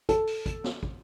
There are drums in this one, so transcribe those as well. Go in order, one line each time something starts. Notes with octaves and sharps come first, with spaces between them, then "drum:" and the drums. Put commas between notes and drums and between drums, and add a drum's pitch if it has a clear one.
A4, drum: kick, hi-hat
drum: open hi-hat
drum: kick, hi-hat
drum: snare
drum: kick